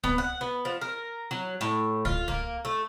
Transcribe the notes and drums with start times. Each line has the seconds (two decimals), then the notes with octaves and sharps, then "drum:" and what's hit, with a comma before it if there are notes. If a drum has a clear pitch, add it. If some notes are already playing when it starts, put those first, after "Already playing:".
0.04 B3, drum: kick
0.18 F#5
0.41 B3
0.65 F3
0.81 A#4
1.31 F#3
1.61 A2
2.05 F4, drum: kick
2.28 A#3, drum: kick
2.65 A3